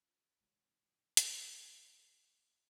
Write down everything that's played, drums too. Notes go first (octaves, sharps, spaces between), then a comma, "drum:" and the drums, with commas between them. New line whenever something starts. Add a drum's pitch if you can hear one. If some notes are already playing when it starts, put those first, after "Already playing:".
C#3 D#4 F4
G#2 C3 E3 G#3 D4 D#4 F#4 C#5
drum: hi-hat
F3 B3 F#4